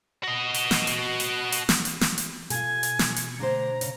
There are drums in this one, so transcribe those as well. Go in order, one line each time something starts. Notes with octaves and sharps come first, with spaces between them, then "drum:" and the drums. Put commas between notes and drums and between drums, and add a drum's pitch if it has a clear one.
F#4 D#5
drum: hi-hat
drum: snare
drum: hi-hat
drum: hi-hat
drum: hi-hat
drum: snare
drum: hi-hat
drum: snare
drum: hi-hat
B2 F4 A4 G#5, drum: hi-hat
drum: hi-hat
drum: snare
C#7, drum: hi-hat
D3 A3 C5 A#5
C#3, drum: hi-hat